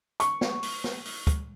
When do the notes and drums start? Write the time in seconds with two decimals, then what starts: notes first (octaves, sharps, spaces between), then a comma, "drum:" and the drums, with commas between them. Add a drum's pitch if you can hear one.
0.20 C#6, drum: hi-hat
0.41 drum: snare
0.63 drum: open hi-hat
0.84 drum: snare
1.05 drum: open hi-hat
1.27 drum: kick, hi-hat